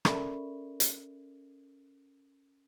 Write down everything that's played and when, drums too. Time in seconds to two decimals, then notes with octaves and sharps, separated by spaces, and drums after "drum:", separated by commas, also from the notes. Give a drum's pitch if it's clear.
0.05 C#4 A4 A#4 D5 E5 B5, drum: rim click
0.80 drum: hi-hat